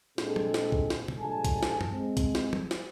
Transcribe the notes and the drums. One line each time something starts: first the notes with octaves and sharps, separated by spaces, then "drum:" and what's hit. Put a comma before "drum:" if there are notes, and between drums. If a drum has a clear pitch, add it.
A#2 G#3 C4 D4 G#4 A4, drum: snare
drum: tom
drum: snare
drum: kick B1
drum: snare
drum: tom
A#1 G2 G#3 A4 G#5 A5
drum: kick B1, hi-hat
drum: snare
drum: tom
G#3 C4
drum: kick B1, hi-hat
drum: snare
drum: tom
drum: snare